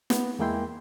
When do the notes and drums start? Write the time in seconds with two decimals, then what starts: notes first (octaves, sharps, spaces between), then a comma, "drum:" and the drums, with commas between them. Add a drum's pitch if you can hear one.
0.10 B3, drum: snare
0.39 E2 G#3 A#3 E4 G5 C6